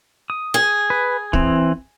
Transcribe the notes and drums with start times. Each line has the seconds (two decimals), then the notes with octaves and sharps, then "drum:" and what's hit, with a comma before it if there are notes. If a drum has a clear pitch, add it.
0.30 D#6
0.54 G#4
0.90 B4
1.33 E3 C4, drum: kick